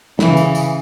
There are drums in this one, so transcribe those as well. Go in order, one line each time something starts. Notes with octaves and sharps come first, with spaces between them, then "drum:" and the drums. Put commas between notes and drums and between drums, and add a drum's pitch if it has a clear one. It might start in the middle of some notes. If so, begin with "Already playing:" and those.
C#3 E3, drum: snare
drum: tambourine
drum: tambourine